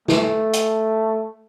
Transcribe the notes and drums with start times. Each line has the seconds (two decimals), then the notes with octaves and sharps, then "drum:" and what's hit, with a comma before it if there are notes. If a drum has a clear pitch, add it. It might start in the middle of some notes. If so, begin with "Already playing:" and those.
0.08 A3, drum: snare
0.53 drum: hi-hat